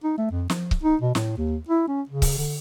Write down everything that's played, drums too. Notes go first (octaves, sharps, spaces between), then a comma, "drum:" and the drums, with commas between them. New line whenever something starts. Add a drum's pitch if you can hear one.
D#4
A3
F2
F3, drum: snare
drum: kick C#1
D#4
B2
A2, drum: snare
D#2
E4
C#4
C#3
drum: kick C#1, open hi-hat
D3